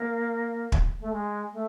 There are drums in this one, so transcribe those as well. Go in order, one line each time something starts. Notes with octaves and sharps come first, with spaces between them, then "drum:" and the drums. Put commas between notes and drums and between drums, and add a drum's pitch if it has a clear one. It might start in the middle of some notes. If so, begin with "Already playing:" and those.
Already playing: A#3
drum: kick
A3
G#3
A3